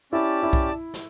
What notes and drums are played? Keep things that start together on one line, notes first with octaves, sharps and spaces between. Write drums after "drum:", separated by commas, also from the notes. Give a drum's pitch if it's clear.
C#4 E4 G4 D5 A5
E4
drum: kick B1
drum: snare